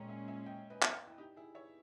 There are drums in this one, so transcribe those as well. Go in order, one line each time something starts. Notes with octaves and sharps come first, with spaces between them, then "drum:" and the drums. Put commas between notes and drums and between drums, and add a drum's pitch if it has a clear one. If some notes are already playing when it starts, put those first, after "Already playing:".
Already playing: A#2 G#3 C#4 G5 A#5
E5 G#5
E5 G#5
D#5 G5
B4 D#5
drum: clap
E4
D#4 G4
E4 G#4
C#5 E5